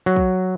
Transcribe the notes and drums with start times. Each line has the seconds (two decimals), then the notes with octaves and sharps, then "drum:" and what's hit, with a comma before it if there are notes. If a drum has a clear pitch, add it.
0.06 F#3
0.16 drum: kick